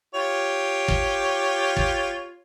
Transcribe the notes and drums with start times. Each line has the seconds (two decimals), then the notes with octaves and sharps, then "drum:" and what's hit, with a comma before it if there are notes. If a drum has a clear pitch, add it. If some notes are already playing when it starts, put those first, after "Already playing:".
0.15 F4 G4 C#5
0.88 drum: kick
1.77 drum: kick